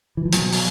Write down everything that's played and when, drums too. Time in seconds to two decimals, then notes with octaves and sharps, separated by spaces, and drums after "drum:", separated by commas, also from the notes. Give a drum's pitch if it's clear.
0.17 E3
0.25 F3
0.32 B2 F#3, drum: hi-hat
0.52 drum: open hi-hat